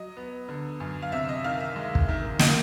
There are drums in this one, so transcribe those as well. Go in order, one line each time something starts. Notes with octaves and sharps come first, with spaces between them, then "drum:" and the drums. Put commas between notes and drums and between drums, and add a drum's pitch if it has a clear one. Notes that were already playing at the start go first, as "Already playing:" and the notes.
Already playing: F#3 D#5
B3
D3
F#2
F5
C3 E5
D#5
D#3 F5
E5
G#3
drum: kick
D#3
A#3 D#5, drum: snare